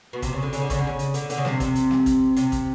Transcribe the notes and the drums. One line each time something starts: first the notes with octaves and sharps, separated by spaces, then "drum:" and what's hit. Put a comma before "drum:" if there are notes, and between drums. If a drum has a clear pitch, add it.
B2
C3, drum: kick, hi-hat
C#3
D3
C#3, drum: hi-hat
D3
C#3, drum: kick, hi-hat
D3
C#3
drum: hi-hat
D3, drum: hi-hat
D3, drum: hi-hat
C#3
C3, drum: snare
C3, drum: kick, hi-hat
drum: hi-hat
drum: snare
drum: kick, hi-hat
C3, drum: hi-hat
drum: kick, hi-hat